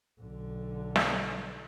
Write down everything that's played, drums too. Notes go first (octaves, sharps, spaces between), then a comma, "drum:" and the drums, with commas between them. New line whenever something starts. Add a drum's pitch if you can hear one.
B1 D3
drum: snare